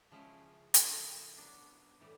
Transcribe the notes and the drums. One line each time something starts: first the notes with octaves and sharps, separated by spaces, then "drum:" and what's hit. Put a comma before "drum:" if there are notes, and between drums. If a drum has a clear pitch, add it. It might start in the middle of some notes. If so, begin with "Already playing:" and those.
Already playing: A#3
C#3 F3 G#3 C#4 E4
A2 F3 A#3, drum: hi-hat
F#3 B3 D4
A2 E3 G3